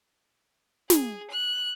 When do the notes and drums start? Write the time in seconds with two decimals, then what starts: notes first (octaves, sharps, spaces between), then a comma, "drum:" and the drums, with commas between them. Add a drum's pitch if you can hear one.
0.90 G#4, drum: snare
1.31 F#6